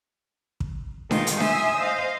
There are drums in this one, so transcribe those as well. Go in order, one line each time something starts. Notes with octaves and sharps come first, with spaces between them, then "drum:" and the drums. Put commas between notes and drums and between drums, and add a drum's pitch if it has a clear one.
drum: kick
B2 D#3 G#3 F4, drum: snare D4
drum: hi-hat
E5 G#5 C6 D#6 E6, drum: snare D4
C5 D#5 F5